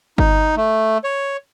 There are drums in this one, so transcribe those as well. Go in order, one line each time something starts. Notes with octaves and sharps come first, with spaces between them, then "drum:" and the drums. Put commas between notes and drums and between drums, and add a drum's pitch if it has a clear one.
D#4, drum: kick G1
A3
C#5